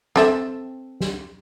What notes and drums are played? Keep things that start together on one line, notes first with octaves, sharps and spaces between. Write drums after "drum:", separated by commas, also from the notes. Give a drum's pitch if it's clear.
C4 A4 E5, drum: snare
drum: snare